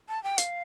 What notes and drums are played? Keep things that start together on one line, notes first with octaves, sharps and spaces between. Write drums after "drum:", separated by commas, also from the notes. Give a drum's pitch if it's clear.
A5
G5
F5, drum: hi-hat